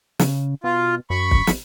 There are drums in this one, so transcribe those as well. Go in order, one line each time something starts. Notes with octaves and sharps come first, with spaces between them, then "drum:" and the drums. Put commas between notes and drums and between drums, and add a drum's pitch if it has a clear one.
C#3, drum: snare
B2 F4
F#2 B5 C#6
drum: kick
drum: snare